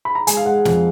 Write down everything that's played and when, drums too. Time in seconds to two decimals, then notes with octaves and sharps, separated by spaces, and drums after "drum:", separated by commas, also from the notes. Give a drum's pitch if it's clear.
0.05 B5
0.15 A#5
0.27 G#3 G#5, drum: hi-hat
0.37 F5
0.45 G#3 F#5
0.65 F2, drum: snare